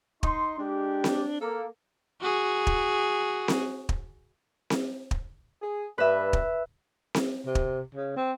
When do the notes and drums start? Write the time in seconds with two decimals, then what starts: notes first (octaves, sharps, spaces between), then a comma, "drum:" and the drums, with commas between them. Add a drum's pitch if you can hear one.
0.23 D#4 C6, drum: kick
0.58 G#3 D4 G4
1.04 drum: snare C4
1.41 A#3 A4
2.21 F#4 G#4
2.67 drum: kick
3.48 drum: snare C4
3.89 drum: kick
4.70 drum: snare C4
5.11 drum: kick
5.61 G#4
5.98 G2 B4 E5
6.33 drum: kick
7.15 drum: snare C4
7.46 C3
7.55 drum: kick
7.95 C#3
8.16 C4